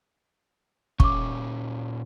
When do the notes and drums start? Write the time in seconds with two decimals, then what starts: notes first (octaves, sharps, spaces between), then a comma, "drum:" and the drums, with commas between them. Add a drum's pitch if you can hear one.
1.00 A#2 C#4 C#6 D6, drum: kick